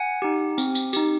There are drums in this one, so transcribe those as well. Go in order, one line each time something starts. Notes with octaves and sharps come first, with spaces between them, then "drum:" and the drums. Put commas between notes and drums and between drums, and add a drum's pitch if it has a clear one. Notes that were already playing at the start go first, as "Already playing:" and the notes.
Already playing: F#5 G#5
D#4 G4
C4, drum: tambourine
drum: tambourine
D#4 G4, drum: tambourine